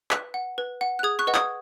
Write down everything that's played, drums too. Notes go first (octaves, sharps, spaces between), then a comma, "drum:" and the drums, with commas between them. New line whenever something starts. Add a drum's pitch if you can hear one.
B4 F#6 B6, drum: clap
F#5
B4
F#5
F#6
G#4 D#6 G#6
C#6 F#6
B4 D#5 F#5
D#6 G#6, drum: clap